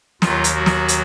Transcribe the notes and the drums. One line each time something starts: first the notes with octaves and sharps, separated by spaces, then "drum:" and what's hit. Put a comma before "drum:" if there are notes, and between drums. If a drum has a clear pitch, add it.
D#2 D#3 F#3 F4, drum: snare
drum: hi-hat
F#3 F#4
drum: snare
drum: hi-hat